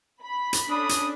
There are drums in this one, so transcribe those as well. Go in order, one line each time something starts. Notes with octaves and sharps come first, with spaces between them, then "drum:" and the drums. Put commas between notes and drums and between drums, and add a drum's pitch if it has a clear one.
B5
drum: hi-hat
C#4 D4 A4 D#6
drum: hi-hat